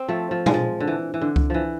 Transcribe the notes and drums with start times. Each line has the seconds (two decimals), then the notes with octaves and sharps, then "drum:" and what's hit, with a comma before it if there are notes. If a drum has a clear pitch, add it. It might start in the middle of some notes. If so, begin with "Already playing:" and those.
Already playing: C4
0.09 F3 A3
0.31 F3
0.46 G#3, drum: tom
0.54 F3
0.80 D3
0.88 E3
1.14 E3
1.21 D3
1.36 drum: kick C#2
1.50 E3 F3